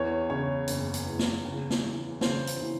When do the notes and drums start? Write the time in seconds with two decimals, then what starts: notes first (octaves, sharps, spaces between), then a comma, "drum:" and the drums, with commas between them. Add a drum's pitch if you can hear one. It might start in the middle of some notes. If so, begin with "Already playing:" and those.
Already playing: E2 C#5
0.29 C#3 C#5
0.68 F#1, drum: hi-hat
0.94 drum: hi-hat
1.06 E2
1.19 drum: snare
1.45 C#3
1.70 drum: snare
1.83 E3
2.21 C#3 C5, drum: snare
2.47 drum: hi-hat
2.60 E3